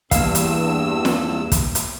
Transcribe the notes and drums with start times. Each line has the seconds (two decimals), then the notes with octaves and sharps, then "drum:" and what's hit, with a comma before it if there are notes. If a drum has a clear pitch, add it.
0.11 E2 G2 A#3 F5 E6, drum: kick, hi-hat
0.35 drum: hi-hat
1.05 drum: snare
1.52 drum: kick, hi-hat
1.75 drum: hi-hat